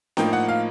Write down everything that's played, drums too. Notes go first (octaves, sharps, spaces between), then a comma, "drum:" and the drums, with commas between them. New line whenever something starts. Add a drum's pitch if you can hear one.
A2 F3 A#3 D#4 G5, drum: snare D4
F#5
F5